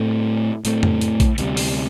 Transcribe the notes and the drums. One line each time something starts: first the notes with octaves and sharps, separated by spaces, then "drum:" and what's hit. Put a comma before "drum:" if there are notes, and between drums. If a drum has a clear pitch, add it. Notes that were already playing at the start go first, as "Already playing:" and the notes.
Already playing: A2 A3 C4
A2 A3 C4, drum: hi-hat
drum: tom F2
drum: hi-hat
drum: kick A#1, hi-hat
D2 C3 G3, drum: hi-hat
drum: open hi-hat